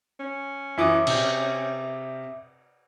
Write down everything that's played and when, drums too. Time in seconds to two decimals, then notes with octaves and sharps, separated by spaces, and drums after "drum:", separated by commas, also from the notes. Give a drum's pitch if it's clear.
0.20 C#4
0.78 F#2 E3 E5 D6 D#6
1.07 C3, drum: cymbal